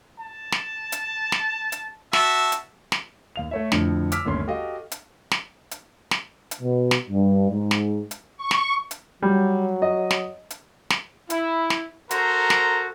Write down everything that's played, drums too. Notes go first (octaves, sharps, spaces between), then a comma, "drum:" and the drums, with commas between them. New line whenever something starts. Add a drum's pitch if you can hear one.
A5
drum: snare
drum: hi-hat
drum: snare
drum: hi-hat
F#4 E5 A5, drum: snare
drum: hi-hat
drum: snare
D#2 F5 F7
A3 C#5 E5
F2 A2 D3, drum: snare
D6 E6 F6 B6 D7, drum: hi-hat
G1 D#2 A3 C#4 C6
F#4 G4 A4 D#5 F5
drum: hi-hat
drum: snare
drum: hi-hat
drum: snare
drum: hi-hat
B2
drum: snare
G2
G#2
drum: snare
drum: hi-hat
C#6
drum: snare
drum: hi-hat
F#3 G3
D#5
drum: snare
drum: hi-hat
drum: snare
E4, drum: hi-hat
drum: snare
F#4 A4 A#4 C5 A#5 C6, drum: hi-hat
drum: snare